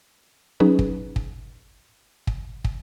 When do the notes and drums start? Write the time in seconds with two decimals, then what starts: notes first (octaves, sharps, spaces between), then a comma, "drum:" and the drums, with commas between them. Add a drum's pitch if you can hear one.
0.60 F#3 C#4 D#4 G#4 B4
0.79 drum: kick
1.16 drum: kick
2.27 drum: kick
2.64 drum: kick